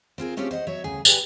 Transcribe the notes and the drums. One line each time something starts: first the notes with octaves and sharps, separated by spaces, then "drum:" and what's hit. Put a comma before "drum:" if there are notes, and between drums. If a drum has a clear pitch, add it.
C4 F4 G#4 A#4
A3 C4 C#4 F4 G4 G#4
C5 D#5 E5 F#5
F#3 C#5 E5
D2 C#3 G#4
G4 G#4 B4 D5 G5 G#5, drum: tambourine